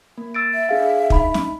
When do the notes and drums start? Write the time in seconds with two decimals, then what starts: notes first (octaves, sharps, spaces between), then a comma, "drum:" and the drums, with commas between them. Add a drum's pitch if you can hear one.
0.18 A#3
0.34 E6 A6 D7
0.54 E5
0.69 D4 G#4 F5
1.10 D#4 B5, drum: kick
1.34 drum: snare